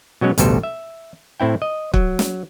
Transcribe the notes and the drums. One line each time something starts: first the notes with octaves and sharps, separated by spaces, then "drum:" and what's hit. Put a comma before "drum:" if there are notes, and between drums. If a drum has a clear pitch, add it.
B2 F#3 G#3 C#4
A1 D2 B2 G3 A4 C5, drum: hi-hat
E5
A2 C4 E4 G5
D#5
F#3, drum: kick
drum: snare